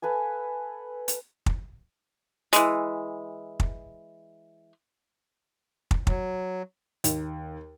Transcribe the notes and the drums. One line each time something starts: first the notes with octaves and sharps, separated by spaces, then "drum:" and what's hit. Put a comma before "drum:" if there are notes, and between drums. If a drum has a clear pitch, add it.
A4 B4 F5 G#5
drum: hi-hat
drum: kick
E3 G#3, drum: hi-hat
drum: kick
drum: kick
F#3, drum: kick
D#2, drum: hi-hat